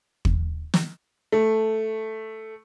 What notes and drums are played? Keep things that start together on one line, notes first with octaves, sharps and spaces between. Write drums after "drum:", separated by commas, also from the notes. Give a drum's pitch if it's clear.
drum: kick
drum: snare
A3